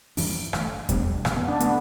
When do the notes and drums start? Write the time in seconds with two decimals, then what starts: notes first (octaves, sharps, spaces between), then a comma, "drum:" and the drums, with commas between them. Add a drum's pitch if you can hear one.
0.17 G2 E3 G3 D4, drum: open hi-hat
0.53 G1 G2 E3 A3, drum: rim click
0.89 B1 B2 G3 A3 D4, drum: kick E2, hi-hat
1.25 A1 A2 E3, drum: rim click
1.36 B3
1.48 D4
1.60 D3 A3 B3, drum: hi-hat